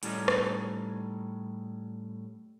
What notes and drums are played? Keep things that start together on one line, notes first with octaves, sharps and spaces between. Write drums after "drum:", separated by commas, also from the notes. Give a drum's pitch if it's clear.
A2 G3 C#4 D#4, drum: hi-hat
drum: rim click